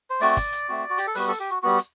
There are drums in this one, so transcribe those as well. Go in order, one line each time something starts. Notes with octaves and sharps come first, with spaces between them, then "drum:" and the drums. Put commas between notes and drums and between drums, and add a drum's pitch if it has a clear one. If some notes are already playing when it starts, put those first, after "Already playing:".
C5
A3 C4 F#4 D5, drum: open hi-hat
drum: kick, hi-hat
drum: hi-hat
A3 C4 F#4
F#4
G4, drum: hi-hat
A4
G3 B3 F#4 B4, drum: open hi-hat
A4
G4
F#4
G3 B3 F#4
drum: hi-hat